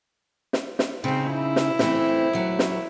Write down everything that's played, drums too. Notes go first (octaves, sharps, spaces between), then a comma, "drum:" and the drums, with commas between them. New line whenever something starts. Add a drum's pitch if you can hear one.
drum: snare
drum: snare
C#3 C4 D#4
E4
drum: snare
E3 A3 C4, drum: snare
D#2 F#3
drum: snare